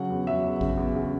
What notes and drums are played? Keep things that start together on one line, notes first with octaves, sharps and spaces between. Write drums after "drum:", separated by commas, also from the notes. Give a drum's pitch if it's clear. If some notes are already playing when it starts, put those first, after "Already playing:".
Already playing: C#3 F#3 F#5
E2
F#3 E5
E2
C#3, drum: kick A1
E2
C#3